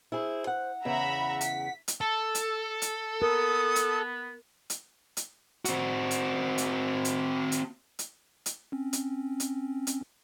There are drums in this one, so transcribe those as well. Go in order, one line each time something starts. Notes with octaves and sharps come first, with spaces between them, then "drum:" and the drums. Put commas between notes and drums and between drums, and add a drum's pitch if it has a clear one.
E4 G#4 C5
F#5
E2 C#3 E5 F#5 A#5 B5
B6, drum: hi-hat
drum: hi-hat
A4 E6
drum: hi-hat
drum: hi-hat
B3 A#4 D#6
drum: hi-hat
drum: hi-hat
drum: hi-hat
C4 F#4, drum: hi-hat
drum: hi-hat
drum: hi-hat
drum: hi-hat
drum: hi-hat
drum: hi-hat
drum: hi-hat
C4 C#4
drum: hi-hat
drum: hi-hat
drum: hi-hat